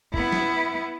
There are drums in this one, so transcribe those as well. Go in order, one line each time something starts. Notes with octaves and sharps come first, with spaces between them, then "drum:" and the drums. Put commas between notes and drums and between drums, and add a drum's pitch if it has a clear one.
B3 E4, drum: kick F1
drum: snare